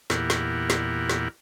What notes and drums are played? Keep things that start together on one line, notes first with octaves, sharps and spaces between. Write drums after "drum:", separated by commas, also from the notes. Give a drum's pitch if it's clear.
E2 A#2 E4 G4 A#4 F#5, drum: snare
drum: snare
drum: snare
drum: snare